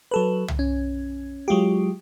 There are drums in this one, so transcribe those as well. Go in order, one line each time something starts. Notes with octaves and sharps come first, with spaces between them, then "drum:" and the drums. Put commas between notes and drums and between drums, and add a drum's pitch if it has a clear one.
F#3 A4 B4
drum: tom
C#4
F#3 G#3 F4 G4